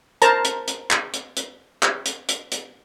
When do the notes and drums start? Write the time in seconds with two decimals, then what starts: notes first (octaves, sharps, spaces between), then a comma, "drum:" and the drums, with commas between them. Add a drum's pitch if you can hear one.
0.22 A#4 C5 A5 A#5, drum: hi-hat
0.45 drum: hi-hat
0.68 drum: hi-hat
0.91 drum: clap
1.14 drum: hi-hat
1.37 drum: hi-hat
1.83 drum: clap
2.06 drum: hi-hat
2.29 drum: hi-hat
2.52 drum: hi-hat